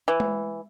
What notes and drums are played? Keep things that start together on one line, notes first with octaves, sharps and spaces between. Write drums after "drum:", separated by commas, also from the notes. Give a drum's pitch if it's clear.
E3
drum: tom G#3